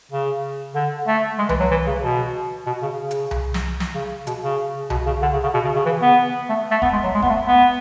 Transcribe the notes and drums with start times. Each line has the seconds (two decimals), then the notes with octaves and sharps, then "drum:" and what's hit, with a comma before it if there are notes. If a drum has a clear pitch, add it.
0.11 C#3
0.75 D3
1.07 A3
1.38 G#3
1.49 E3, drum: tom C2
1.60 F#3
1.71 E3
1.87 C#3
2.03 B2
2.66 B2
2.82 C#3
2.99 C#3
3.11 drum: hi-hat
3.31 drum: tom C2
3.54 drum: snare
3.80 drum: snare
3.94 C#3
4.27 B2, drum: hi-hat
4.42 C#3
4.90 B2, drum: tom C2
5.06 C#3
5.22 D3
5.33 C#3
5.43 C#3
5.54 B2
5.65 C#3
5.75 C#3
5.85 E3
6.02 B3
6.49 A3
6.71 A3
6.82 B3, drum: kick E1
6.93 G#3
7.03 F#3
7.14 G#3
7.22 B3, drum: kick E1
7.29 A3
7.46 B3